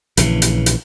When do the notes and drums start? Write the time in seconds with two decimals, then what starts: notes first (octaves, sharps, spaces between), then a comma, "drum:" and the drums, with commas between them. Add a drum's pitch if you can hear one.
0.17 A#1 C#3 E3, drum: hi-hat
0.42 drum: hi-hat
0.66 drum: hi-hat